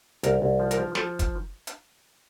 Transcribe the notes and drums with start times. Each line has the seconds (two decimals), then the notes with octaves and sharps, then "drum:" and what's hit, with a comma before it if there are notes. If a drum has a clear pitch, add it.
0.23 C2 A#4, drum: hi-hat
0.42 C2
0.60 F3
0.71 A#4, drum: hi-hat
0.77 F3
0.95 F3 A4, drum: snare
1.19 drum: kick, hi-hat
1.67 drum: hi-hat